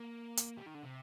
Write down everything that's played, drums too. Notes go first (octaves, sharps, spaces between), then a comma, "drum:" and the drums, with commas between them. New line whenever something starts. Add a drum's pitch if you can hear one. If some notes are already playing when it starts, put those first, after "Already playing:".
Already playing: A#3
drum: hi-hat
G3
D#3
D3
C3